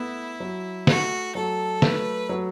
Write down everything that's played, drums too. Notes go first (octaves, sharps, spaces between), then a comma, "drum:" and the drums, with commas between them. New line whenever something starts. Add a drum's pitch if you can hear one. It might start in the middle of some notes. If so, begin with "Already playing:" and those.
Already playing: A3 B3 E4
F#3
A3 F#4, drum: snare
F#3 A4
A3 B4, drum: snare
F#3